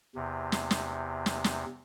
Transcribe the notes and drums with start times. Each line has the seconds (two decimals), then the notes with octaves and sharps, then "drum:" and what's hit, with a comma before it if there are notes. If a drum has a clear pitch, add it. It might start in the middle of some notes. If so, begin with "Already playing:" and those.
0.15 E2 C3
0.52 drum: snare
0.71 drum: snare
1.26 drum: snare
1.44 drum: snare